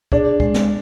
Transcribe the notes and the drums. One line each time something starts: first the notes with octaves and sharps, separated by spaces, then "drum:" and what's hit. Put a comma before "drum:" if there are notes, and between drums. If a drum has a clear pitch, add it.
D4 G#4, drum: kick C#2
G#3, drum: kick C#2
drum: snare